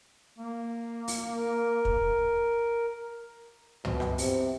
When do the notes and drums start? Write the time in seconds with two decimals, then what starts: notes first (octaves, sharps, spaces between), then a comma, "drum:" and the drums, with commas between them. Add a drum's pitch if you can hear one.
0.38 A#3
1.08 drum: open hi-hat
1.35 A#4
1.85 drum: kick
3.85 B2, drum: tom
4.00 drum: rim click
4.18 C3, drum: open hi-hat